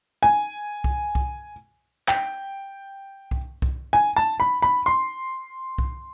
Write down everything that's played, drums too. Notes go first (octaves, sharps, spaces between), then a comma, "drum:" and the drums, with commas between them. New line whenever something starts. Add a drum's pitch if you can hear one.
G#5
drum: kick C2
drum: kick C2
G5, drum: clap
drum: kick C2
drum: kick C2
G#5
A5
B5
B5
C6
drum: kick C2